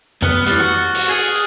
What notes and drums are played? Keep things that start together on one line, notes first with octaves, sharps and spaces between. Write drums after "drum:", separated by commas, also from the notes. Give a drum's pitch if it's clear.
B3 F6 F#6 C#7, drum: tom F2
E3 G3 F6 F#6 A6, drum: hi-hat
F#4
drum: open hi-hat
G#4 G#6 C7 D#7